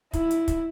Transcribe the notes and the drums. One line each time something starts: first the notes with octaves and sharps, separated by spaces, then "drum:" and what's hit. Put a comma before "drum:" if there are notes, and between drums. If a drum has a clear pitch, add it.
E4, drum: kick, hi-hat
drum: hi-hat
drum: kick, hi-hat